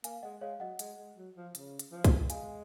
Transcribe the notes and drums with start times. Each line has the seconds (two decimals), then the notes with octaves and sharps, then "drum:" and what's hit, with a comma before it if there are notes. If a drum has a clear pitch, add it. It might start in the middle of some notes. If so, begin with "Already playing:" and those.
0.04 A#3 F5 G#5, drum: hi-hat
0.23 G#3 D#5 F#5
0.41 G#3 C#5 F5
0.60 F#3 D#5 F#5
0.79 G#3, drum: hi-hat
0.98 G#3
1.17 F#3
1.36 F3
1.55 C#3, drum: hi-hat
1.79 drum: hi-hat
1.92 F3
2.04 drum: kick, hi-hat
2.30 G#3 F5 G#5, drum: hi-hat